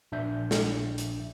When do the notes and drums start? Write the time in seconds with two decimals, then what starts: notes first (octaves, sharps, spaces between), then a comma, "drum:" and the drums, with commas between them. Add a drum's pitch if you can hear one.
0.12 A#1 D4 E5 G6
0.51 drum: snare
0.98 drum: hi-hat